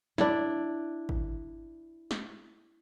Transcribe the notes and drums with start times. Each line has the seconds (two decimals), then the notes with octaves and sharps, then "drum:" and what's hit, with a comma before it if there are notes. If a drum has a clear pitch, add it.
0.18 D4 E4, drum: snare
1.09 drum: kick
2.11 drum: snare